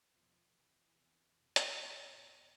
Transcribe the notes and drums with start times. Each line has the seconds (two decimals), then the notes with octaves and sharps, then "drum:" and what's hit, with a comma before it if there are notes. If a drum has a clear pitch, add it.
0.12 E2 B2 F3
0.51 F2 C3 E3
0.90 E2 C3
1.29 F2 C3
1.56 drum: hi-hat
1.68 G2 E3
2.07 E2 B2